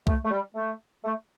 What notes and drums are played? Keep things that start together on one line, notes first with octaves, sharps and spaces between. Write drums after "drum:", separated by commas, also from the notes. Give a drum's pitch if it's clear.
A3, drum: kick C2
A3
G3
A3
A3